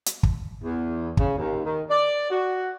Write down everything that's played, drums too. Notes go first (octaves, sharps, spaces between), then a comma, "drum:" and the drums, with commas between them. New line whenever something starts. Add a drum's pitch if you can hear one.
drum: hi-hat
drum: kick
E2
C#3, drum: kick
D#2
D#3
D5
F#4